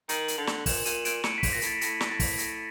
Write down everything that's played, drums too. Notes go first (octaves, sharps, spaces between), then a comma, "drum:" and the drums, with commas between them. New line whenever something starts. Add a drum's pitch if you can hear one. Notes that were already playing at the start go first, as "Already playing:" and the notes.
D#3 F#7, drum: hi-hat
drum: hi-hat
D3 F7
drum: snare
A#2 E7, drum: kick, open hi-hat
A#2 D#7, drum: hi-hat
A#2 D7, drum: hi-hat
A2 C#7, drum: snare
B6
G#2, drum: kick, open hi-hat
A#2 A#6
A2, drum: hi-hat
A6
A2 A#6, drum: hi-hat
drum: snare
A2 A6
drum: kick, open hi-hat
B6
A#6, drum: hi-hat